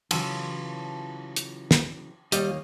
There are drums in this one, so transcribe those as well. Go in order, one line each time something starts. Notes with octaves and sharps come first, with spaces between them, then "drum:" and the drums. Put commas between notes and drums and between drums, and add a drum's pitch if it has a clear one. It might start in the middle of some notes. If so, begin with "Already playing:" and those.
C#3 E3 F#3 F4 A4, drum: cymbal
drum: hi-hat
drum: snare
D#2 G3 A#3 D#5, drum: hi-hat